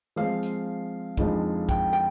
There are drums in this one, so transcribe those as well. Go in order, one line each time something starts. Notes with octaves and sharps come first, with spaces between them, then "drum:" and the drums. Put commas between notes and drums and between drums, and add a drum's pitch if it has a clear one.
F3 G#3 C4 F5
drum: hi-hat
F2 D3 F3 G#3 D#4, drum: kick A#1
G5, drum: kick A#1
G5